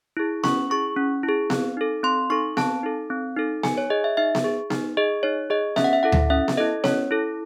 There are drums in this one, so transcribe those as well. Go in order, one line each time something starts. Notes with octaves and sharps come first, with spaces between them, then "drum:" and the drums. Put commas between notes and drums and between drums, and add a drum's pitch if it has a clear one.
E4 G#4
C#4 C#6, drum: snare B3
E4 G#4 C#6
C#4
E4
G#4
C4, drum: snare B3
D#4 A4
C4 C6
D#4 A4 C#6
C4 A5, drum: snare B3
D#4 A4
C4
D#4 A4
D#4 G#5, drum: snare B3
C#5
G#4 D#5
E5
D#4 E5
drum: snare B3
G#4
D#4, drum: snare B3
G#4 D#5
D#4 C#5
G#4 D#5
C#4 E5, drum: snare B3
F#5
E5
E4 A4 F#5
drum: tom D2
C#4 E5
drum: snare B3
E4 A4 D#5
C#4 C#5, drum: snare B3
E4 A4